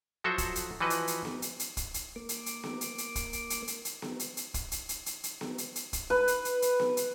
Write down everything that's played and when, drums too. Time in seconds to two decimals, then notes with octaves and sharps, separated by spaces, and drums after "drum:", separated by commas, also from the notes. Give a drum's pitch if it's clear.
0.24 F3 F#3 F#4 A4 C5 E5
0.38 drum: kick, hi-hat
0.55 drum: hi-hat
0.81 E3 F3 F#4 B4 D#5
0.90 drum: hi-hat
1.07 drum: hi-hat
1.25 drum: snare B3
1.42 drum: hi-hat
1.59 drum: hi-hat
1.77 drum: kick, hi-hat
1.94 drum: hi-hat
2.16 A#3 D6
2.29 drum: hi-hat
2.46 drum: hi-hat
2.63 drum: snare B3
2.81 drum: hi-hat
2.98 drum: hi-hat
3.15 drum: kick, hi-hat
3.33 drum: hi-hat
3.50 drum: hi-hat
3.67 drum: hi-hat
3.85 drum: hi-hat
4.02 drum: snare B3
4.19 drum: hi-hat
4.37 drum: hi-hat
4.54 drum: kick, hi-hat
4.71 drum: hi-hat
4.89 drum: hi-hat
5.06 drum: hi-hat
5.24 drum: hi-hat
5.41 drum: snare B3
5.58 drum: hi-hat
5.76 drum: hi-hat
5.93 drum: kick, hi-hat
6.10 B4
6.28 drum: hi-hat
6.45 drum: hi-hat
6.62 drum: hi-hat
6.80 drum: snare B3
6.97 drum: hi-hat